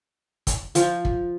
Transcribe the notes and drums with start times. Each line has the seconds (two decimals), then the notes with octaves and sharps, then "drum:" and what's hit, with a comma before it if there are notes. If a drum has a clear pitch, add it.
0.47 drum: kick, hi-hat
0.75 F3, drum: hi-hat
1.05 drum: kick